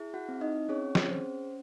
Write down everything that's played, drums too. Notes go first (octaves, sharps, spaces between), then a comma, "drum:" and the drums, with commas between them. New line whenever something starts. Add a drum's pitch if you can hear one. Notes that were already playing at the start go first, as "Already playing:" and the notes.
Already playing: E4 G#4
F#4 F#5
C4
D#4 D#5
C#4 G#4 C#5
drum: snare
C#4 C5